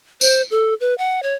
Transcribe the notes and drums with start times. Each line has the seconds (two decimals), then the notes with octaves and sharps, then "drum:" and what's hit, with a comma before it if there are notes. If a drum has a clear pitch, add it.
0.21 C5, drum: tambourine
0.51 A4
0.81 B4
0.98 F#5
1.23 C#5